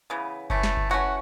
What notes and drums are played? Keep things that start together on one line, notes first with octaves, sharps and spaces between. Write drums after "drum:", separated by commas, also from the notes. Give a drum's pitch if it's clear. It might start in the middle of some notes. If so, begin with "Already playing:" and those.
C#3 E3 B3
E3 A3 C#4, drum: kick F#1
drum: snare
drum: kick F#1
E3 A3 C#4 F#4